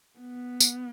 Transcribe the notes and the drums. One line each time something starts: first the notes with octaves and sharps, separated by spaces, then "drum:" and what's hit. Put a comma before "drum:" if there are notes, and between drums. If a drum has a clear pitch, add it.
B3
drum: tambourine